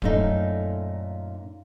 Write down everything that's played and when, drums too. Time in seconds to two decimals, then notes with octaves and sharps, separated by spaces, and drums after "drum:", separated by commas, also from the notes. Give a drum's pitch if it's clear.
0.02 F#2 A#2 A3 D4 D#4, drum: kick D1